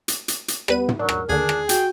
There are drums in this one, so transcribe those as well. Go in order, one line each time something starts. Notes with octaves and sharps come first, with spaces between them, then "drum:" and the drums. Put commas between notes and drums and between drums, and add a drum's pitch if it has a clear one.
drum: hi-hat
drum: hi-hat
drum: hi-hat
G3 B3 B4 D#7, drum: rim click
drum: tom
F#3 D4 A#4
drum: rim click
D#2 D3 D4 G#4
drum: rim click
F#4 G5, drum: hi-hat